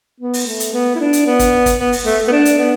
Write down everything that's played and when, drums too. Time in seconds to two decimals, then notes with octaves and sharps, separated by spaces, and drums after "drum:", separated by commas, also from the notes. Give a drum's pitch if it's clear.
0.20 B3
0.33 drum: open hi-hat
0.46 A3
0.60 drum: hi-hat
0.73 B3
0.95 E4
1.00 D4
1.13 drum: hi-hat
1.26 B3
1.39 drum: kick, hi-hat
1.66 drum: kick, hi-hat
1.79 B3
1.92 drum: open hi-hat
2.05 A3
2.28 B3
2.32 D4
2.45 drum: hi-hat
2.58 B3